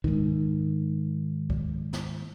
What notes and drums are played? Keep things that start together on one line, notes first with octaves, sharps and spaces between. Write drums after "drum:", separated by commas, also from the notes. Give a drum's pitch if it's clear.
G#2 D#3, drum: kick C#2
drum: kick C#2
drum: snare